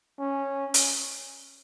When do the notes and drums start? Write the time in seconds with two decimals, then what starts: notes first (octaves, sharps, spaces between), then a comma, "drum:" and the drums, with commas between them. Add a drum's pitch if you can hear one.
0.19 C#4
0.74 drum: hi-hat